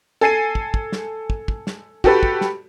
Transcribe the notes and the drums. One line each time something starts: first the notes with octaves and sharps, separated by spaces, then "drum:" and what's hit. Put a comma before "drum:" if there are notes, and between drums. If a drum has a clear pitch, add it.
A4 G#5 C7 D#7
drum: kick
drum: kick
drum: snare
drum: kick
drum: kick
drum: snare
F#4 G4 A4 B4, drum: kick
drum: kick
drum: snare